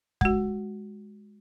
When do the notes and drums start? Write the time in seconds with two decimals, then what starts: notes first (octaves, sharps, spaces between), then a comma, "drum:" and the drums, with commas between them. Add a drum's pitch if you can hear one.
0.21 G#3 F#4, drum: kick